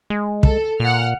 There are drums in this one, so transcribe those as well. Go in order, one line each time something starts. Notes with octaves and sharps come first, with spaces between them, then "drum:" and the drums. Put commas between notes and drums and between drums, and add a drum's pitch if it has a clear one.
G#3
A4, drum: kick
A#2 F#5 F6